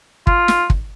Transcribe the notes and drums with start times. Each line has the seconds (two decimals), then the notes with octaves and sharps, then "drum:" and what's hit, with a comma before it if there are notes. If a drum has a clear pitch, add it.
0.27 F4, drum: kick
0.48 drum: snare
0.70 drum: kick